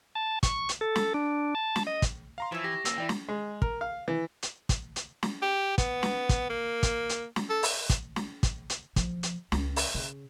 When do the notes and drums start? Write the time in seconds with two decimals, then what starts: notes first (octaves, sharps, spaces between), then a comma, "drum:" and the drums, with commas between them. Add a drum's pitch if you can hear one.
0.15 A5
0.43 C#6, drum: kick, hi-hat
0.69 drum: hi-hat
0.81 A4
0.96 drum: snare
1.14 D4
1.55 A5
1.76 drum: snare
1.87 D#5
2.02 drum: kick, hi-hat
2.38 F5 A#5 C6
2.52 E3 F3 C#5 E5
2.64 G4 A#6
2.85 A#3 C#4 E6, drum: hi-hat
2.98 E3 E4 D5 G5
3.09 drum: snare
3.29 G#3
3.62 A#4, drum: kick
3.81 F5
4.08 E3
4.43 drum: hi-hat
4.69 drum: kick, hi-hat
4.96 drum: hi-hat
5.23 drum: snare
5.42 G4
5.78 B3, drum: kick, hi-hat
6.03 drum: snare
6.29 drum: kick, hi-hat
6.50 A#3
6.83 drum: kick, hi-hat
7.09 drum: hi-hat
7.36 drum: snare
7.50 A4
7.63 drum: open hi-hat
7.90 drum: kick, hi-hat
8.16 drum: snare
8.43 drum: kick, hi-hat
8.70 drum: hi-hat
8.96 F3, drum: kick, hi-hat
9.23 drum: hi-hat
9.52 C#2, drum: snare
9.76 drum: open hi-hat
9.94 C#3